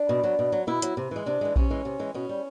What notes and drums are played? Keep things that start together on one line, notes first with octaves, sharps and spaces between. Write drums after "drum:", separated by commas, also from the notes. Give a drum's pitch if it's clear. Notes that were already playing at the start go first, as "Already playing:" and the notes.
Already playing: D4
B2
F#3
B2
F#3
B2 E4
F#3, drum: hi-hat
C3
E3 G#3
C3 D4
E3 G#3
C3 C#4, drum: kick A#1
E3 G#3
C3
E3 G#3
B2 C#4
G3